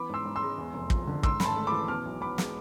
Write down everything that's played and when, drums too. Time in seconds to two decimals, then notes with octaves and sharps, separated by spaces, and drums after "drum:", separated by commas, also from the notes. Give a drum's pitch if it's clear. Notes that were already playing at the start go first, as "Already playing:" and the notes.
Already playing: E3 B3 B5 D6
0.09 G#2 C6 E6
0.25 G#2
0.36 C6 E6
0.42 G#3
0.58 E2
0.74 F1
0.90 F3, drum: kick
1.07 D3
1.23 G#2 C6 E6, drum: kick
1.40 G#1 B5, drum: snare
1.45 A5 C6
1.56 A3
1.67 E3 B5 D6
1.88 B2 D6 F6
2.05 B1
2.21 B3 B5 D6
2.38 G#3, drum: snare